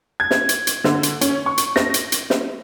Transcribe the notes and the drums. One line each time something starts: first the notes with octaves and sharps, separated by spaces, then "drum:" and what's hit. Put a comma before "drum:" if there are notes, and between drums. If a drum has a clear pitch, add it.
G#6
drum: snare
drum: hi-hat
drum: hi-hat
D3, drum: snare
drum: hi-hat
C#4, drum: hi-hat
C#6
drum: hi-hat
A#6, drum: snare
drum: hi-hat
drum: hi-hat
drum: snare